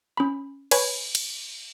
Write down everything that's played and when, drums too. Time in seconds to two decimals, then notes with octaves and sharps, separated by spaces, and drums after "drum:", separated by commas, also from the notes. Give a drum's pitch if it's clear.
0.17 C#4 B5
0.71 B4 C#5 G#5 B5, drum: cymbal
1.15 drum: cymbal